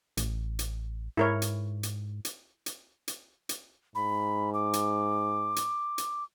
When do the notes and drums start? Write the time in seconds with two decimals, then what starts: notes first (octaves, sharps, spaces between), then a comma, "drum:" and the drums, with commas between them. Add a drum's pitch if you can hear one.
0.17 A1, drum: hi-hat
0.59 drum: hi-hat
1.17 G#2 E4 A#4 C#5
1.42 drum: hi-hat
1.83 drum: hi-hat
2.25 drum: hi-hat
2.66 drum: hi-hat
3.08 drum: hi-hat
3.49 drum: hi-hat
3.95 G#2 B5
4.54 D6
4.73 drum: hi-hat
5.56 drum: hi-hat
5.98 drum: hi-hat